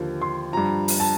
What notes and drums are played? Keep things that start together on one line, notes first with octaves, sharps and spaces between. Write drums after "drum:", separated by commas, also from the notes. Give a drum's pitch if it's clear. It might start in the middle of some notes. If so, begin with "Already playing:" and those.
Already playing: D#2 D3 F3
C6
G2 F3 A#5
drum: open hi-hat
A5